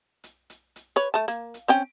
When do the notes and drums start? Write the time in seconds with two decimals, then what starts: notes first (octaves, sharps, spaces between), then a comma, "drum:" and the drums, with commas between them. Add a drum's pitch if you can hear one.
0.24 drum: hi-hat
0.50 drum: hi-hat
0.76 drum: hi-hat
0.96 B4 C#5
1.14 A3 A5
1.28 A#3, drum: hi-hat
1.54 drum: hi-hat
1.68 C4 C#4 G5